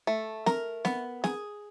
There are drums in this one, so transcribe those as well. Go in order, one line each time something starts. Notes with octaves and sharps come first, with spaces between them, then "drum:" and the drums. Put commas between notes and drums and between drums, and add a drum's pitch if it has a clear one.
A3
A#4, drum: snare
B3, drum: snare
G#4, drum: snare